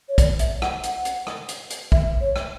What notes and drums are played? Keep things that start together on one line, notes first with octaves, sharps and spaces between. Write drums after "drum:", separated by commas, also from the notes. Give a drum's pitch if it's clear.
C#5
D5, drum: kick, hi-hat
E5, drum: hi-hat
F#5, drum: rim click
F#5, drum: hi-hat
drum: hi-hat
drum: rim click
drum: hi-hat
drum: hi-hat
E5, drum: kick
C#5
drum: rim click